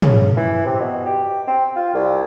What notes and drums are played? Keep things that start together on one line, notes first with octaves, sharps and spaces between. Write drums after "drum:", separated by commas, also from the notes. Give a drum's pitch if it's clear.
C#3, drum: tom
E3
C3
B2
G4
C4
F4
C2